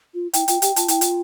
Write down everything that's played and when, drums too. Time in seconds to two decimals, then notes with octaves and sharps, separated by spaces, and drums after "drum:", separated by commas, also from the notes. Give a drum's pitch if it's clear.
0.14 F4
0.34 E4 G5, drum: hi-hat
0.48 F4 G5, drum: hi-hat
0.62 G4 G5, drum: hi-hat
0.76 F4 A5, drum: hi-hat
0.88 E4 G5, drum: hi-hat
1.01 F4, drum: hi-hat